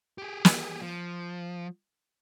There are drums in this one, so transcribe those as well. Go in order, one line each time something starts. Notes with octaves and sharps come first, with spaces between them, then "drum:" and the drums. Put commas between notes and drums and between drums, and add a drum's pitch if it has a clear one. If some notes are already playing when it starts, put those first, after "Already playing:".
G4 G#4
drum: snare
F3